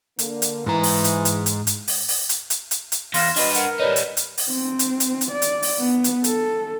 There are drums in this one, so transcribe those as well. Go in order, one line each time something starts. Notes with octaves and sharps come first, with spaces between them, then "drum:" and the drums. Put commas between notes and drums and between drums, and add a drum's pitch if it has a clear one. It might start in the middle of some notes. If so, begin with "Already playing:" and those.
D3 A#3, drum: hi-hat
drum: hi-hat
G#2 E3 A#5
drum: open hi-hat
drum: hi-hat
drum: hi-hat
drum: hi-hat
drum: hi-hat
drum: open hi-hat
drum: open hi-hat
drum: hi-hat
drum: hi-hat
drum: hi-hat
drum: hi-hat
E2 F5 C6 F6 A#6 E7, drum: open hi-hat
D4 F#4 B4 D#5, drum: open hi-hat
A#4 F#5, drum: hi-hat
G3 D#4 B4 C#5 D5
drum: hi-hat
drum: hi-hat
drum: open hi-hat
C4
drum: hi-hat
drum: hi-hat
drum: hi-hat
D5
drum: hi-hat
drum: open hi-hat
B3
drum: hi-hat
A4, drum: hi-hat